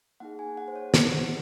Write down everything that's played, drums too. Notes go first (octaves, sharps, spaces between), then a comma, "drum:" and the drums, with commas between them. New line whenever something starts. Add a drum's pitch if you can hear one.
A#3 D#4 G#4 F#5
G#5
F#5
C5
C#5
C5, drum: snare
F#5